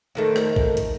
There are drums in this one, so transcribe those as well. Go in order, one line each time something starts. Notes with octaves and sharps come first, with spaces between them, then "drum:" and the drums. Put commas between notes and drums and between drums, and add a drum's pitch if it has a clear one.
F2 D#3 A3
drum: rim click
drum: kick A#1
drum: hi-hat